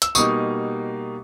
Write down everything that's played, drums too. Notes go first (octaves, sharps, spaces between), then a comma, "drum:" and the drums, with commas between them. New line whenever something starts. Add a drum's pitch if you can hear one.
E6, drum: hi-hat
B2 G3 A#3 D#4 C#6 D#6, drum: tambourine